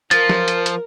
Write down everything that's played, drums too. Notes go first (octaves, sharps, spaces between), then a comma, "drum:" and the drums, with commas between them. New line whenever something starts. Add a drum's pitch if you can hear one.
F3 A#4 A6, drum: hi-hat
drum: snare
drum: hi-hat
drum: hi-hat